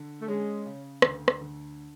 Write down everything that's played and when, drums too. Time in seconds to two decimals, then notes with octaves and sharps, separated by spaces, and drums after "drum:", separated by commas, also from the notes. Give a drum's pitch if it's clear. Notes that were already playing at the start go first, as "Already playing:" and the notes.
Already playing: D3
0.21 A3
0.28 G#3 C#4
0.66 C#3
1.02 D2, drum: rim click
1.28 drum: rim click
1.41 D3